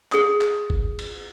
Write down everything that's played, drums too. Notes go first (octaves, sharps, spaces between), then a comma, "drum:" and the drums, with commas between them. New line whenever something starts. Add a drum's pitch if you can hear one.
G#4 D#6, drum: clap
drum: clap
drum: kick G1
drum: cymbal